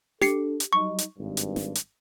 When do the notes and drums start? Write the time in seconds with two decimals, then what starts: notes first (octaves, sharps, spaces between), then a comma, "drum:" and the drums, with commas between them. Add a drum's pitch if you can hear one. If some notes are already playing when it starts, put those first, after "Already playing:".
0.22 D4 G4 A4 C7 C#7, drum: snare
0.60 drum: hi-hat
0.73 F#3 G3 D#4 C#6
0.98 drum: hi-hat
1.18 G#1 G2
1.37 drum: hi-hat
1.56 drum: snare
1.75 drum: hi-hat